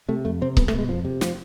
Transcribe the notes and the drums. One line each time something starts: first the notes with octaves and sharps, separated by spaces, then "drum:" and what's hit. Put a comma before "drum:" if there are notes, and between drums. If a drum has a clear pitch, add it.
C3 A3
F2 A3
C3 C4
C2 B3, drum: kick C#1
A3, drum: rim click
B2 G#3
F2 F3
C3
F3, drum: snare